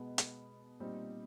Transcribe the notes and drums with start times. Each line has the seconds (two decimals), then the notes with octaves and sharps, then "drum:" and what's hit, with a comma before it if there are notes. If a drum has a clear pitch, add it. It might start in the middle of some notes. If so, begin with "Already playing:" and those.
Already playing: B2 G#3 B3
0.18 drum: hi-hat
0.80 A#2 G3 C4 D#4